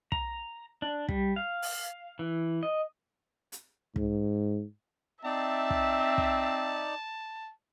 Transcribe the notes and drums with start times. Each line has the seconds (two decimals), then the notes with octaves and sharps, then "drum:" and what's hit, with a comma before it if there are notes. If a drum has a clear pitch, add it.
0.12 A#5, drum: kick
0.82 D4
1.09 G3, drum: kick
1.36 F5
1.62 drum: open hi-hat
2.19 E3
2.63 D#5
3.52 drum: hi-hat
3.96 G#2, drum: kick
5.25 C4 D#4 D5 E5 A5
5.70 drum: kick
6.18 drum: kick